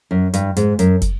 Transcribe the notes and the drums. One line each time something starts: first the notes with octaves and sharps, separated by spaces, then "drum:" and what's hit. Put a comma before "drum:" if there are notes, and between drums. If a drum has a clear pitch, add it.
F#2
G2, drum: hi-hat
G#2, drum: hi-hat
F#2, drum: hi-hat
drum: kick, hi-hat